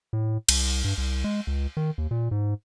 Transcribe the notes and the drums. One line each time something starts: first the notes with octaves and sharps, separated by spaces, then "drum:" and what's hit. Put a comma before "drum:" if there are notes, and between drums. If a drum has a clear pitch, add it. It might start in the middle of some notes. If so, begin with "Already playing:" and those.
A2
C2, drum: cymbal
G2
C2
G#3
C#2
D#3
D#2
A#2
G#2